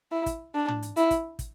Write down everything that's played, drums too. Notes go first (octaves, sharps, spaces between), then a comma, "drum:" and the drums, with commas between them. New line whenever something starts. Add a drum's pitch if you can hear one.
E4
drum: kick, hi-hat
D4
drum: tom
drum: hi-hat
E4, drum: hi-hat
drum: kick, hi-hat
drum: kick, hi-hat